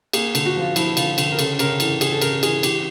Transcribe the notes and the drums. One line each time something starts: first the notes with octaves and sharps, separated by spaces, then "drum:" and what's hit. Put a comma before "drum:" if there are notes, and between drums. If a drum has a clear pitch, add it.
A#3 G#4, drum: cymbal
D3, drum: cymbal
F#4
F3
F4
F3 E4, drum: cymbal
D3 F4, drum: cymbal
D3, drum: cymbal
A#4
C#3 A4, drum: cymbal
C#3 A#4, drum: cymbal
E3 A4, drum: cymbal
C#3 G#4, drum: cymbal
A4
C#3 A#4, drum: cymbal
E3 G#4, drum: cymbal
E3 G4, drum: cymbal